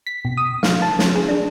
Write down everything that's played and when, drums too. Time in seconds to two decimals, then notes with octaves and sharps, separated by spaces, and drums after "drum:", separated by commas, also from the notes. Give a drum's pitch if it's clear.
0.07 B6
0.25 B2
0.37 D#6
0.63 F5, drum: snare
0.82 A5
0.99 C#4, drum: snare
1.16 G#4
1.28 D4